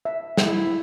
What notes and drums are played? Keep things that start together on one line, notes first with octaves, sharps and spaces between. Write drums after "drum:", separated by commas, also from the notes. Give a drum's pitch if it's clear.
E5
E4, drum: snare